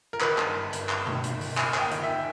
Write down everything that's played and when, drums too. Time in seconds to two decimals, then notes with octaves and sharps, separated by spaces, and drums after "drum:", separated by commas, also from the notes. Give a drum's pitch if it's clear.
0.13 A#4
0.21 D#3 B4, drum: clap
0.38 G2, drum: clap
0.55 G1
0.73 G1, drum: hi-hat
0.89 G1, drum: clap
1.07 D#3, drum: tom
1.24 G1, drum: hi-hat
1.41 G1, drum: open hi-hat
1.57 D#2 G#5, drum: clap
1.74 D#2, drum: clap
1.80 G5
1.91 D#3, drum: hi-hat
2.03 D#3 E5